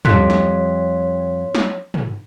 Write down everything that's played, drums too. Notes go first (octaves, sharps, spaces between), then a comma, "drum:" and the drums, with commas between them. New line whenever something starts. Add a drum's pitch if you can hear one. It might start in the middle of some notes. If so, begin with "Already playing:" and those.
F2 G3 C#5 C6 F#6 B6, drum: tom
drum: snare
drum: snare
drum: tom